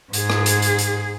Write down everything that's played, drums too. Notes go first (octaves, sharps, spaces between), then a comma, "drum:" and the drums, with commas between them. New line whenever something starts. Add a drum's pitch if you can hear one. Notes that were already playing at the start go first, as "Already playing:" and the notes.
G#2 G#4, drum: hi-hat
drum: rim click
drum: hi-hat
drum: hi-hat
drum: hi-hat